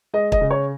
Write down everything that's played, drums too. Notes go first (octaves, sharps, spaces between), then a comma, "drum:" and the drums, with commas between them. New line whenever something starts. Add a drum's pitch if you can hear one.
G#3 D#5
D#5, drum: kick
C#3
C#5